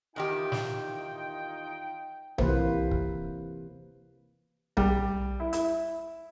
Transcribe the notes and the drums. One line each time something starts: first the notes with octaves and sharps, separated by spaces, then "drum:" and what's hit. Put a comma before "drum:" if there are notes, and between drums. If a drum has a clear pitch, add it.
E2 D#3 D#4 F4 G4 G5
drum: snare
C3 E3 A#3 B4 C5, drum: tom B1
drum: kick
G3, drum: tom B1
E4
E4, drum: hi-hat